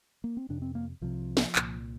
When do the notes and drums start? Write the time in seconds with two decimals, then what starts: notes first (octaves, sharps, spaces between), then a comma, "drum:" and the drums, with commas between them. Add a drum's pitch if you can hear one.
0.24 A#3
0.37 C4
0.49 F2 C3 D4
0.62 C4
0.75 A#3
1.01 C2 C3 F3
1.37 drum: snare
1.55 C2 A#2, drum: clap